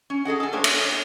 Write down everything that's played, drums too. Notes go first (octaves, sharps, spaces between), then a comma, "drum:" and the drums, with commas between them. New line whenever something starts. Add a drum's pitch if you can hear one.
C#4
G#4 A4 D#5 F#5
A4 G#5
G3 A3 A#3 D4 G4 C5
E5, drum: cymbal
A#3